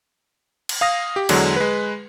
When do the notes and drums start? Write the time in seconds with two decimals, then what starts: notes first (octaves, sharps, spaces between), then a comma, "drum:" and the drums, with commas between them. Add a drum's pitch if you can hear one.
0.69 drum: cymbal
0.81 F5 D#6 A#6
1.16 G4
1.29 E2 D3 F#3 G#3, drum: cymbal
1.56 G#3 B4